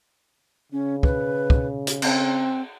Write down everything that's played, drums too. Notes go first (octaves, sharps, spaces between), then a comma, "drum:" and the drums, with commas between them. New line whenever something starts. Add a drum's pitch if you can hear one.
C#3 C#4
B4, drum: kick
drum: kick
drum: hi-hat
C4, drum: cymbal